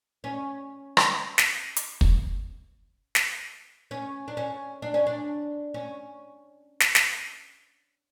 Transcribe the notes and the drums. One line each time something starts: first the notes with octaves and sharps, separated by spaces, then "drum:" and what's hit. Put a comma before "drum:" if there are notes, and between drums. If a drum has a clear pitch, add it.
C#4
drum: rim click
drum: snare
drum: hi-hat
drum: kick
drum: snare
C#4
D4
C#4
D4
C#4
D4
C#4
drum: snare
drum: snare